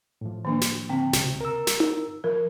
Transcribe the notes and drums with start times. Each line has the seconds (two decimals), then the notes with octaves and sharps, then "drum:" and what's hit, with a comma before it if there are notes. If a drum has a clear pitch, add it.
0.21 A2 F3
0.45 D#3 A#3 D4
0.61 drum: snare
0.89 D3 C4 G5
1.13 C#2 C3, drum: snare
1.41 A#4 E6
1.67 drum: snare
1.80 drum: tom D#4
2.24 F3 A#4